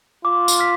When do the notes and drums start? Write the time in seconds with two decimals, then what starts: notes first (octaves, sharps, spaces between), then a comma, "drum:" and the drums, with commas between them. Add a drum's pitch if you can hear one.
0.25 F4 D6
0.48 drum: tambourine
0.59 F6 B6